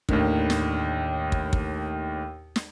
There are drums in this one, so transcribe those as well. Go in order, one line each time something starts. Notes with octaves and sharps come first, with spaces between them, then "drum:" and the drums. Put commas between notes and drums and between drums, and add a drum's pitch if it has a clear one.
D#2 A2 D3 D#3, drum: kick
drum: snare
drum: kick
drum: kick
drum: snare